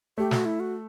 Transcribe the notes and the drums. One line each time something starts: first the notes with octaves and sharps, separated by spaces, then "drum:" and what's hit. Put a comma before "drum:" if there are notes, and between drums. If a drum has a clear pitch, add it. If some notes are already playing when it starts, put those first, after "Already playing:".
A3 G4
F#4, drum: snare
E4
F#4